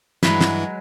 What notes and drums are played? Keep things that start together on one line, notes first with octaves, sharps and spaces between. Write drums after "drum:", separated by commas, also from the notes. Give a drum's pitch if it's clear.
G2 E3 F#3 G#3 E4 B4, drum: snare
drum: snare